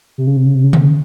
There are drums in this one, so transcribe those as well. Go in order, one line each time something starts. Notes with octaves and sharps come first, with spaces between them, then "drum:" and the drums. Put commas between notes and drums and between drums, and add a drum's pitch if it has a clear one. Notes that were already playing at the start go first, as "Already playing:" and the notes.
C3
C#3
C3
C#3
C3
C#3
C3, drum: tom D3
C#3